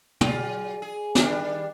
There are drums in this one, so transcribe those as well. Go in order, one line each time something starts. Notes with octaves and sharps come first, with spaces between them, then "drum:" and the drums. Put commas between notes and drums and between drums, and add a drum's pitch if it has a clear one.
F#3 F4 G#4, drum: tom
G#4
D#3 G3 D4, drum: snare